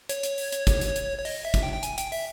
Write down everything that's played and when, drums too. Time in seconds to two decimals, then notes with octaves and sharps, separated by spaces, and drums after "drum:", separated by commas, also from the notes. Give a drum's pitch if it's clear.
0.09 C#5, drum: hi-hat
0.23 drum: hi-hat
0.38 drum: open hi-hat
0.52 drum: hi-hat
0.67 drum: kick, hi-hat
0.81 drum: hi-hat
0.96 drum: hi-hat
1.18 C#5
1.25 D#5, drum: open hi-hat
1.45 E5
1.54 drum: kick, hi-hat
1.63 G5
1.73 G5
1.83 G#5, drum: hi-hat
1.98 G5, drum: hi-hat
2.12 E5, drum: open hi-hat